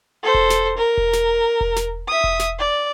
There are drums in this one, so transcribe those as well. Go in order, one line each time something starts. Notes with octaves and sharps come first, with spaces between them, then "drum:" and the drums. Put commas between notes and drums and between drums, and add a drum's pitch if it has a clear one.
A4 C5
drum: kick E1
drum: snare
A#4
drum: kick E1
drum: snare
drum: kick E1
drum: snare
E5 D#6
drum: kick E1
drum: snare
D5